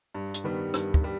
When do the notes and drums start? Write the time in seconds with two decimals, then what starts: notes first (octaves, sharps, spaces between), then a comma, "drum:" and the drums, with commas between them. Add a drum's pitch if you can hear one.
0.14 G2
0.34 drum: hi-hat
0.44 D#3 G3 B3
0.74 G2, drum: rim click
0.94 drum: kick
1.04 G3